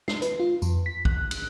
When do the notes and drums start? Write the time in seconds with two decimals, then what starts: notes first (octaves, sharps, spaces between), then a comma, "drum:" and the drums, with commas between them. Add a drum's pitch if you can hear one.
0.08 C7, drum: snare
0.22 B4, drum: hi-hat
0.40 F4
0.62 F2, drum: tambourine
0.86 B6
1.05 F#6, drum: kick
1.31 F#6, drum: cymbal